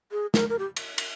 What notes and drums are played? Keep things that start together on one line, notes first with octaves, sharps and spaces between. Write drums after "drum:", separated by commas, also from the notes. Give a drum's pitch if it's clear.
G#4
A#4, drum: snare
A#4
G4
drum: cymbal
drum: cymbal